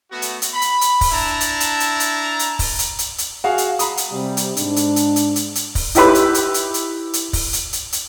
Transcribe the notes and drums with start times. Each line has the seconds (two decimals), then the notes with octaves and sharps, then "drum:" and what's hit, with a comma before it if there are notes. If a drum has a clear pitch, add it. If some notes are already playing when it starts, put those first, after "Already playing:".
0.10 A3 B3 F#4
0.22 drum: hi-hat
0.42 drum: hi-hat
0.52 B5
0.62 drum: hi-hat
0.81 drum: hi-hat
1.01 drum: kick, open hi-hat
1.11 D4 E4 A5 A#5
1.41 drum: hi-hat
1.60 drum: hi-hat
1.80 drum: hi-hat
2.00 drum: hi-hat
2.39 drum: hi-hat
2.59 drum: kick, open hi-hat
2.79 drum: hi-hat
2.99 drum: hi-hat
3.18 drum: hi-hat
3.44 F#4 G#4 F5
3.58 drum: hi-hat
3.79 A#5 B5 D#6, drum: hi-hat
3.97 drum: hi-hat
4.12 C3 G3
4.37 drum: hi-hat
4.57 G#2 D4, drum: hi-hat
4.76 drum: hi-hat
4.96 drum: hi-hat
5.16 drum: hi-hat
5.36 drum: hi-hat
5.55 drum: hi-hat
5.75 drum: kick, open hi-hat
5.95 D#4 E4 G4 B4 B5, drum: hi-hat
6.15 drum: hi-hat
6.34 drum: hi-hat
6.54 drum: hi-hat
6.74 drum: hi-hat
7.13 drum: hi-hat
7.33 drum: kick, open hi-hat
7.53 drum: hi-hat
7.73 drum: hi-hat
7.93 drum: hi-hat